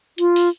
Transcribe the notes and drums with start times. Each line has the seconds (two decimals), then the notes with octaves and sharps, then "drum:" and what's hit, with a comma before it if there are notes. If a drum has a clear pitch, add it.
0.18 F4, drum: hi-hat
0.36 drum: open hi-hat